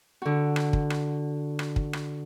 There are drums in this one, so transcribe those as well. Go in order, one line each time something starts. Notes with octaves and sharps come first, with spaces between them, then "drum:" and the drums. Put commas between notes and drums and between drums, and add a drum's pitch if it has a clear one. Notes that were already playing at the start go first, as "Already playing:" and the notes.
D3 F#4
drum: rim click
drum: kick
drum: rim click
drum: rim click
drum: kick
drum: rim click